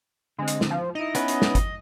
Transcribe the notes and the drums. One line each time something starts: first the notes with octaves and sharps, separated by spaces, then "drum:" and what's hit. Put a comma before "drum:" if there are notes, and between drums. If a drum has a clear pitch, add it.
D3 G#3 C4
drum: hi-hat
drum: snare
F3
D#4 E4 D#5
B3 C#4 B4, drum: hi-hat
drum: hi-hat
drum: snare
drum: kick G1, hi-hat